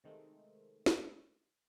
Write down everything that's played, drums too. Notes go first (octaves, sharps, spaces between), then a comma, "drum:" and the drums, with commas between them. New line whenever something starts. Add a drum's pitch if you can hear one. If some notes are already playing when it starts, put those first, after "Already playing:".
C3 D#3 G#3 A3 C4
drum: snare